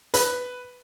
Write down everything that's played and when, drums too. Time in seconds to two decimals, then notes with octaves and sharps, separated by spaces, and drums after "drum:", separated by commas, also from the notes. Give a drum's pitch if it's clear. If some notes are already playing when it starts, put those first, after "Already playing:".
0.14 B4, drum: hi-hat